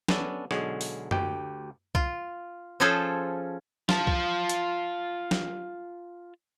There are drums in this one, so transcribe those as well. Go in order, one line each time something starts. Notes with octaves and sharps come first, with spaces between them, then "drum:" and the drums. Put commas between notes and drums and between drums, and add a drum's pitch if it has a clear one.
B3 C#4 D4 A4, drum: snare
B1 D3 G#3 C#5, drum: rim click
drum: open hi-hat
D2 G4 G5, drum: tom F#2
F4, drum: kick C2
F3 C#4 F4 G#4 A4 C5
F4 A5, drum: snare
drum: kick C2
drum: hi-hat
drum: snare